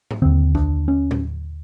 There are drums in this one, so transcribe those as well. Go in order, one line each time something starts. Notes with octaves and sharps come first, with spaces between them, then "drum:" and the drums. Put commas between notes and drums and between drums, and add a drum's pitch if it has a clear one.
drum: tom G#2
D#2 D3 C4
D4, drum: kick C2
C#4
drum: tom A2